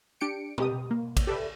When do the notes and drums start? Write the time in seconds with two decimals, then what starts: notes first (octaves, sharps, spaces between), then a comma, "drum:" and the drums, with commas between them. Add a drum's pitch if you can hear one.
0.21 D4 G4 C#7 D7
0.58 C3 G4 D#6, drum: tom B2
0.91 A#3
1.17 drum: kick, cymbal
1.27 G4 A4 B4 D5 E5